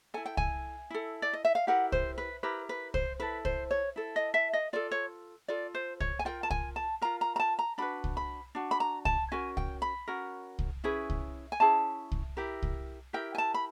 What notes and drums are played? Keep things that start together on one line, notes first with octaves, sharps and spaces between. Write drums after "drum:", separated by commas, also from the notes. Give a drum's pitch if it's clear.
E4 A4 G#5
G5
G#5, drum: kick C2
E4 A4
D5
D#5
E5
F5
E4 G4 A#4 F#5
C5, drum: kick C2
B4
E4 G4 A#4 B4
B4
C5, drum: kick C2
E4 A4 B4
C5, drum: kick C2
C#5
E4 A4
D#5
E5
D#5
F4 A4 D5
C#5
F4 A4 D5
C5
C#5, drum: kick C2
G#5
F4 A#4 G5
A5
G#5, drum: kick C2
A5
F4 A#4 A#5
A#5
A#5
A5
A#5
D4 F#4 B4 B5
drum: kick C2
B5
D4 F#4
B5
A#5
A5, drum: kick C2
C#4 F#4 A#4 G#5
G5, drum: kick C2
B5
C#4 F#4 A#4
drum: kick C2
C#4 E4 G#4 B4
drum: kick C2
G#5
C#4 E4 G#4 A5
drum: kick C2
E4 G4 A#4
drum: kick C2
E4 G4 A#4 G5
G#5
A5
B5